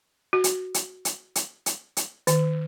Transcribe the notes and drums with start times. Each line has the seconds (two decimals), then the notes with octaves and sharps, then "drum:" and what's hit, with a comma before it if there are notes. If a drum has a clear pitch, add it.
0.33 F#4
0.44 drum: hi-hat
0.74 drum: hi-hat
1.05 drum: hi-hat
1.35 drum: hi-hat
1.66 drum: hi-hat
1.97 drum: hi-hat
2.27 D#3, drum: hi-hat